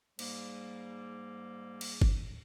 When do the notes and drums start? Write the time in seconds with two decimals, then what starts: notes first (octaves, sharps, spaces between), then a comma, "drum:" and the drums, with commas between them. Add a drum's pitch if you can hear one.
0.19 G#2 G3 A#3, drum: cymbal
1.81 drum: cymbal
2.02 drum: kick G1